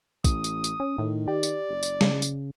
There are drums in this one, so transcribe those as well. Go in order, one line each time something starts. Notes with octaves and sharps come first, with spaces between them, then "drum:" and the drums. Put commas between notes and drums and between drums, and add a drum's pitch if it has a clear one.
A1 D#6, drum: kick, tambourine
drum: tambourine
drum: tambourine
C#4
A2 D#3
G4 D5
drum: tambourine
F#1
drum: tambourine
C#3, drum: snare
drum: tambourine